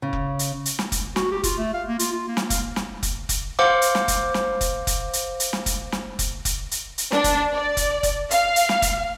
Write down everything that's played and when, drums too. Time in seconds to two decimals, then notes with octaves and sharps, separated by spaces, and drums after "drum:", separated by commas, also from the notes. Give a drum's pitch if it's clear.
0.02 C#3
0.13 drum: kick F1
0.39 drum: hi-hat
0.65 drum: hi-hat
0.79 drum: snare
0.92 drum: kick F1, hi-hat
1.16 F#4, drum: snare
1.31 G4
1.43 F4, drum: kick F1, hi-hat
1.58 A3
1.74 F5
1.88 A#3
1.99 F4, drum: hi-hat
2.12 F4
2.28 A#3
2.37 drum: snare
2.50 F5, drum: kick F1, hi-hat
2.76 drum: snare
3.03 drum: kick F1, hi-hat
3.29 drum: kick F1, hi-hat
3.59 C5 F5 F#5 D6
3.82 drum: hi-hat
3.95 drum: snare
4.08 drum: kick F1, hi-hat
4.34 drum: snare
4.61 drum: kick F1, hi-hat
4.87 drum: kick F1, hi-hat
5.13 drum: hi-hat
5.40 drum: hi-hat
5.53 drum: snare
5.66 drum: kick F1, hi-hat
5.92 drum: snare
6.19 drum: kick F1, hi-hat
6.45 drum: kick F1, hi-hat
6.71 drum: hi-hat
6.98 drum: hi-hat
7.12 D4, drum: snare
7.24 drum: kick F1, hi-hat
7.54 D5
7.77 drum: kick F1, hi-hat
8.03 drum: kick F1, hi-hat
8.31 F5, drum: hi-hat
8.56 drum: hi-hat
8.69 drum: snare
8.82 drum: kick F1, hi-hat